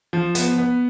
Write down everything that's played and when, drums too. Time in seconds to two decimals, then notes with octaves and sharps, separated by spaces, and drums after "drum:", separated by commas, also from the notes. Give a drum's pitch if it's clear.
0.13 F3
0.35 B3, drum: hi-hat
0.58 B3